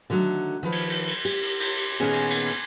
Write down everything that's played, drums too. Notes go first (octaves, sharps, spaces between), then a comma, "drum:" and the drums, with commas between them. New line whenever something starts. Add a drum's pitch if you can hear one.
D3 D#3 F#3 A3
D#3 F3 B4
drum: cymbal
drum: cymbal
drum: cymbal
G4, drum: cymbal
drum: cymbal
drum: cymbal
drum: cymbal
A#2 D#3 B3 C#4 D#4 G#4
drum: cymbal
drum: cymbal
drum: cymbal